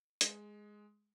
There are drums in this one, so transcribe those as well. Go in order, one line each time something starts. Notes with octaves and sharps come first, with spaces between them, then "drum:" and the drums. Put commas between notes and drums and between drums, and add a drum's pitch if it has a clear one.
G#3, drum: hi-hat